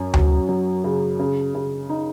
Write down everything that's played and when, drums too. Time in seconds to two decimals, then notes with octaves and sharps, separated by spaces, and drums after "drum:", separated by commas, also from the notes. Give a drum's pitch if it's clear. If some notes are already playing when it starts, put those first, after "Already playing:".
Already playing: F#2
0.14 F#3, drum: tom D2
0.49 F#3
0.84 C#3
1.19 C#3
1.55 C#3
1.89 D#4